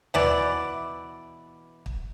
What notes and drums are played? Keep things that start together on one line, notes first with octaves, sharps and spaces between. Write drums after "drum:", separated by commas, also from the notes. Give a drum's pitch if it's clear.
B2 E3 D5, drum: tom D#2
drum: kick